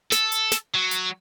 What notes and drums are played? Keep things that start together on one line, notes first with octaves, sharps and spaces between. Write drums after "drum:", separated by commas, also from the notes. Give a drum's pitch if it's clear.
A4, drum: snare
drum: hi-hat
drum: snare
F#3
drum: hi-hat